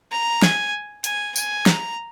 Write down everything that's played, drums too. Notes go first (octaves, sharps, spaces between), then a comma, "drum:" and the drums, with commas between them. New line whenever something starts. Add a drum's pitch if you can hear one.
A#5
G#5, drum: snare
G#5, drum: hi-hat
G#5, drum: tambourine
A#5, drum: snare